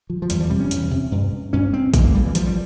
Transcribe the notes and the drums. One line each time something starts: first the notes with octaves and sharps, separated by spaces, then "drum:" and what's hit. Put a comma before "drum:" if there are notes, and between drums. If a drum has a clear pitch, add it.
F3
F3
E2 G3, drum: hi-hat
F3
C3 G3
C#4
E2, drum: hi-hat
C3
G2
G2 C#4
C4
G2 A#3, drum: kick, hi-hat
A#3
G3
E3
G2 F3, drum: hi-hat
G3